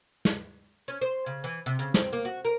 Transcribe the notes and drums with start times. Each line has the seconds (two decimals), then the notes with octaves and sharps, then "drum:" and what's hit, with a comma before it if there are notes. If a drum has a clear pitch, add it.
0.25 drum: snare
0.88 C#4
1.01 C5
1.26 C#3
1.44 E3
1.66 C3
1.79 C#3
1.94 C4, drum: snare
2.13 A#3
2.25 F#4
2.45 A#4